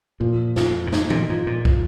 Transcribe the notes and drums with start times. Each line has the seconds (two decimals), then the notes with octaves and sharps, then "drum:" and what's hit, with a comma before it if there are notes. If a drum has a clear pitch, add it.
0.20 A#2 F3
0.56 F2 F3, drum: snare
0.87 A#2
0.92 G#2 D#4, drum: snare
1.10 A#2, drum: tom D#3
1.29 G#2 F3
1.47 A#2
1.65 F3, drum: kick